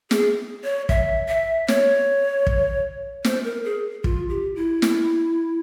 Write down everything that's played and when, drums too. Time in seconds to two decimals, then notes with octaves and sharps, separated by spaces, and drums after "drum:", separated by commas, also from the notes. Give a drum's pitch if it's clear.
0.11 G#4, drum: snare
0.64 C#5
0.89 E5, drum: kick
1.28 E5
1.68 C#5, drum: snare
2.47 drum: kick
3.25 C5, drum: snare
3.44 A#4
3.65 G#4
4.04 F4, drum: kick
4.29 G4
4.56 E4
4.82 drum: snare